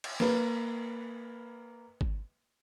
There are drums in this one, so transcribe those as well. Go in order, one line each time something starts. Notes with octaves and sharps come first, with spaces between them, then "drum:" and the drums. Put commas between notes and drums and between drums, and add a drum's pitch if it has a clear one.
drum: cymbal
A#3 B4, drum: snare
drum: kick